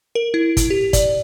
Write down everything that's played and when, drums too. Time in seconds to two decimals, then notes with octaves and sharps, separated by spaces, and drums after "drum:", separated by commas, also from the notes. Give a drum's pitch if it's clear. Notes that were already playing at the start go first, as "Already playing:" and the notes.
0.15 A#4
0.34 E4
0.57 drum: kick, hi-hat
0.70 G4
0.93 D5, drum: kick, hi-hat